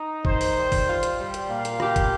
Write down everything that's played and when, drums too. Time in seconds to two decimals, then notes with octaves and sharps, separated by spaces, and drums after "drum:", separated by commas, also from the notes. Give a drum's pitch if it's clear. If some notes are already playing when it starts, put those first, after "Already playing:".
Already playing: D#4
0.25 D#3 C5, drum: kick
0.41 drum: open hi-hat
0.56 G3
0.72 drum: kick, open hi-hat
0.88 F4
1.03 drum: hi-hat
1.19 G3
1.34 drum: hi-hat
1.49 A#2 F5
1.65 drum: hi-hat
1.80 G4, drum: rim click
1.96 drum: kick, hi-hat